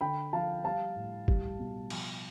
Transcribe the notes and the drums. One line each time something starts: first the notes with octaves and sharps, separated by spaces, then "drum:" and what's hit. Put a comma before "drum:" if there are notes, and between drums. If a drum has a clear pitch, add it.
D3 G5 B5
F3 F5 A5
G3 F5 A5
A2
G3, drum: kick
B2
F3, drum: cymbal